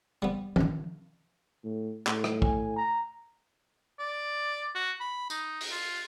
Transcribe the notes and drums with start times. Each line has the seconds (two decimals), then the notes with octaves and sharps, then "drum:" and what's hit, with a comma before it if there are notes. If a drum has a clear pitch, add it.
0.22 G3 B3
0.56 D#3 F3, drum: tom F3
1.64 A2
2.07 A2, drum: clap
2.24 drum: rim click
2.42 G#5, drum: kick
2.76 A#5
3.99 D5
4.75 F#4
5.00 B5
5.30 D#4, drum: tambourine
5.61 drum: open hi-hat
5.71 F4